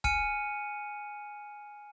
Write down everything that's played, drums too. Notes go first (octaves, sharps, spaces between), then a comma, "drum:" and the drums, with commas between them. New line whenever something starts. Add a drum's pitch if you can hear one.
G#5 F6 C#7 D#7, drum: kick